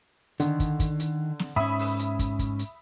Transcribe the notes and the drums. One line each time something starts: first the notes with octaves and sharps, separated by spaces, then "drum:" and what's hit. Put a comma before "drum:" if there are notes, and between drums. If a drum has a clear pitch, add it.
D3 D#3, drum: hi-hat
drum: kick, hi-hat
drum: kick, hi-hat
drum: hi-hat
drum: snare
G#2 C#4 E5 B5 D#6
drum: open hi-hat
drum: hi-hat
drum: kick, hi-hat
drum: kick, hi-hat
drum: hi-hat